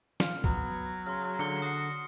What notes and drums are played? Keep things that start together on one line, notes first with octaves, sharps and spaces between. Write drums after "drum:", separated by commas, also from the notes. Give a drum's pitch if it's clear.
F4 F6, drum: snare
F#3 B3, drum: kick
C#3 C6 F6
D3 C#7 G7
F#4 D#6 C7